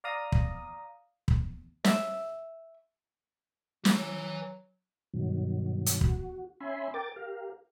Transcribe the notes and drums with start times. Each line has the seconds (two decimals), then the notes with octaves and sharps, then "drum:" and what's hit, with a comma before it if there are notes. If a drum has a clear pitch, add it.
0.04 D5 F5 A#5 D#6
0.32 drum: kick
1.28 drum: kick
1.85 E5, drum: snare
3.85 F#3 B4 G#5, drum: snare
5.14 G2 B2 D#3 F#3
5.86 drum: hi-hat
6.01 F#4, drum: kick
6.60 C#4 E5 G#5 B5 C6
6.94 A#4 G5 D6 A6
7.16 G4 A#4 F5